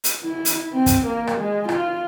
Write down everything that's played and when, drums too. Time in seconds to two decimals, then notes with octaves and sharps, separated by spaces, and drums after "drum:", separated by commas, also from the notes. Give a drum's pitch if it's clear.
0.04 drum: hi-hat
0.23 E4
0.45 drum: hi-hat
0.73 C4
0.86 drum: kick, hi-hat
1.07 A#3
1.27 drum: rim click
1.38 G#3
1.69 F4, drum: rim click